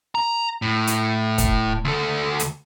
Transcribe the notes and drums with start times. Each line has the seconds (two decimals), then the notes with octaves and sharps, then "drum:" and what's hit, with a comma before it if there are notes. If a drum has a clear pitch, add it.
0.15 A#5
0.62 A2
0.87 drum: hi-hat
1.38 drum: kick, hi-hat
1.85 D2 A4
2.39 drum: hi-hat